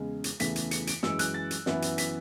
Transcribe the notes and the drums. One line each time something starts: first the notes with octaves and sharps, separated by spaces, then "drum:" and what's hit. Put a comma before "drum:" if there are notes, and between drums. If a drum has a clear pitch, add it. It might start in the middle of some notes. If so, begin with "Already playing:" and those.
Already playing: E2 C#3 G#3
drum: hi-hat
E2 C#3 E3 A3 B6, drum: hi-hat
drum: hi-hat
C#7, drum: hi-hat
D7, drum: hi-hat
F#2 E3 G#3 E6, drum: snare
F#6, drum: hi-hat
A6
drum: hi-hat
F#2 E3 B3 E4, drum: snare
drum: hi-hat
B6, drum: hi-hat